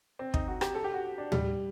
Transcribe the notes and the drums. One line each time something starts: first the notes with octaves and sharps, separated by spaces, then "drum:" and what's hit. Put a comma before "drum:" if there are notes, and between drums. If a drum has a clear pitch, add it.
C4
D#4, drum: kick
F#4
G4, drum: rim click
A4
G4
F#4
D4
G3, drum: tom